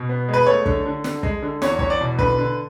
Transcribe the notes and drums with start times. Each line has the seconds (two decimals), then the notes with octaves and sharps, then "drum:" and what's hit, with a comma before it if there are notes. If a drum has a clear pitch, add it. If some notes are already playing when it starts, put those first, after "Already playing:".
Already playing: B2
0.09 B3
0.29 G#3
0.34 B4
0.47 A3 C#5
0.66 D3, drum: kick
0.86 D3
1.04 D3, drum: snare
1.23 G#3, drum: kick
1.42 D3
1.62 E2 C#5, drum: snare
1.79 E2 C#5, drum: kick
1.90 D5
2.01 B2
2.19 D3 B4, drum: kick
2.38 D3